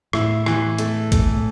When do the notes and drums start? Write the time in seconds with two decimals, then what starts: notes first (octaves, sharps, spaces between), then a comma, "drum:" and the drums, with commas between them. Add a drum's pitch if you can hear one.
0.13 A2 E4, drum: rim click
0.46 E3, drum: rim click
0.79 A3, drum: hi-hat
1.12 A3, drum: kick, hi-hat
1.36 A2